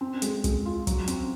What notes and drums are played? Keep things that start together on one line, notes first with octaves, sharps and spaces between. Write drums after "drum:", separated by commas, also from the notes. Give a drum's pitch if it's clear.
C4
G#3, drum: hi-hat
G#3, drum: kick, hi-hat
F4
F#3, drum: kick, hi-hat
C4, drum: hi-hat